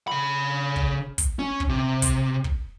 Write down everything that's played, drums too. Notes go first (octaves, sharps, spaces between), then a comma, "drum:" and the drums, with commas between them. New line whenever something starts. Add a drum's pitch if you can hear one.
C#3 B5
drum: kick
drum: kick, hi-hat
C#4
drum: kick
C3
drum: kick, hi-hat
drum: kick